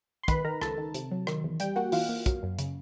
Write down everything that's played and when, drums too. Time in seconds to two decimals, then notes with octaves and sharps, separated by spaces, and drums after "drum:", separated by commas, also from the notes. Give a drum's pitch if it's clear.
0.23 C6
0.28 D#3 B4 B5, drum: kick, hi-hat
0.45 D#3 A#4 A#5
0.61 C#2 A4 A5, drum: rim click
0.78 D#3
0.94 C3, drum: hi-hat
1.11 F#3
1.27 D#3, drum: rim click
1.44 E2
1.60 G3 G4 G5, drum: hi-hat
1.76 A#3 F#4 F#5
1.92 E3 F4 F5, drum: open hi-hat
2.09 A#3
2.26 F#3, drum: kick, hi-hat
2.43 F#2
2.59 C#3, drum: hi-hat